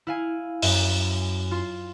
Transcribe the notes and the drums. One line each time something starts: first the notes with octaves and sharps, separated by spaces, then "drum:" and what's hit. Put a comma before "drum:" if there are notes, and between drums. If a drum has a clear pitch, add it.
E4 F5 G#5
F#2, drum: open hi-hat
F4 C6